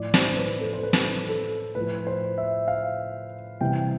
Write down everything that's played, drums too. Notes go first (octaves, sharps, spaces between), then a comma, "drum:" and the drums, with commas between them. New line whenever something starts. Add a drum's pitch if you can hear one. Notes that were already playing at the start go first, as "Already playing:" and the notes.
Already playing: A2 F3 D5
C5, drum: snare
B4
A4
C5
B4
drum: snare
A4
A2 F3 B4
C5
E5
F5
C3 E3 G3 G5